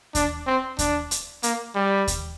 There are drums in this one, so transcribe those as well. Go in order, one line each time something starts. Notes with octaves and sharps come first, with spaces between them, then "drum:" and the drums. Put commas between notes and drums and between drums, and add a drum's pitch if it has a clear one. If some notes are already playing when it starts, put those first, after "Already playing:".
D4, drum: kick D#2, hi-hat
C4
D4, drum: kick D#2, hi-hat
drum: hi-hat
A#3, drum: hi-hat
G3
drum: kick D#2, hi-hat